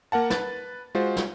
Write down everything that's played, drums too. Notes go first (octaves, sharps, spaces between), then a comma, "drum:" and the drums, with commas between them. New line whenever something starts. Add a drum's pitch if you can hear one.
A#3 A#4 F#5 A5
B4 A6, drum: snare
G#3 F4 F#4 C5
drum: snare